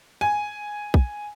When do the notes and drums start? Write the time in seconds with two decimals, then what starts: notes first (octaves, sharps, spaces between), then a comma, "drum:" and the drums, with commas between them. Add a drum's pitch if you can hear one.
0.21 G#5
0.94 drum: kick